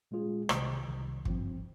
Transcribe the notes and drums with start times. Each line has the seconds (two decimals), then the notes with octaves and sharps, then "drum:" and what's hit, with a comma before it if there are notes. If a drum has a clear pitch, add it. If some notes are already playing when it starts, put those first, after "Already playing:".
0.11 A#2 G#3 C#4 F4 G#4
0.49 C2 C3 D#3, drum: rim click
0.87 C2 C3 D#3
1.25 G2 F3 C4, drum: kick